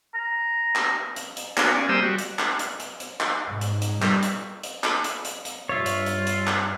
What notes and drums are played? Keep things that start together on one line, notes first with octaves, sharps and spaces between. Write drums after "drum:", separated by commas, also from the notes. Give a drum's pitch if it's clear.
A#5
drum: clap
drum: hi-hat
drum: hi-hat
B3 F#4 A#4, drum: clap
C#4 D5
G3 A#3 C4 C5 D#6 E6
G3 F#4
drum: hi-hat
drum: clap
drum: hi-hat
drum: hi-hat
drum: hi-hat
drum: clap
G#2
drum: hi-hat
drum: hi-hat
G3, drum: clap
drum: hi-hat
drum: hi-hat
drum: clap
drum: hi-hat
drum: hi-hat
drum: hi-hat
G2 F4 C#5 E5
drum: hi-hat
drum: hi-hat
drum: hi-hat
drum: clap